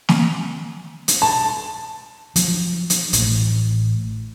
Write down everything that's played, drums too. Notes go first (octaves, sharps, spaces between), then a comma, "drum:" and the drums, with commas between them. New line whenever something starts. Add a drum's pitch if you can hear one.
drum: snare
drum: hi-hat
A5
F3 F#3, drum: hi-hat
drum: hi-hat
A1 A2, drum: hi-hat